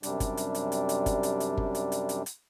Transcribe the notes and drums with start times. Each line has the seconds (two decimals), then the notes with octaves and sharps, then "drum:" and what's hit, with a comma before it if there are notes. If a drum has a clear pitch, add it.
0.03 F#2 C3 G3 D4, drum: hi-hat
0.20 drum: kick G1, hi-hat
0.37 drum: hi-hat
0.55 drum: hi-hat
0.72 drum: hi-hat
0.89 drum: hi-hat
1.06 drum: kick G1, hi-hat
1.23 drum: hi-hat
1.40 drum: hi-hat
1.57 drum: kick G1
1.75 drum: hi-hat
1.92 drum: hi-hat
2.09 drum: hi-hat
2.26 drum: hi-hat